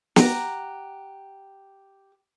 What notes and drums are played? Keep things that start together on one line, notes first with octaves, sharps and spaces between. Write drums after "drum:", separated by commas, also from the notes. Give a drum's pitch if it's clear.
G4 F#5 A#5, drum: snare